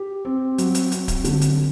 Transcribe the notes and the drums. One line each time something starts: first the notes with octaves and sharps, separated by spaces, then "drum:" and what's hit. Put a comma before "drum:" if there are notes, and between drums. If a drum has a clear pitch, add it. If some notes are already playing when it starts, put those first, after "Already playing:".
Already playing: G4
C4
F#3, drum: hi-hat
drum: hi-hat
C4, drum: hi-hat
drum: kick C#1, hi-hat
D3, drum: hi-hat
drum: hi-hat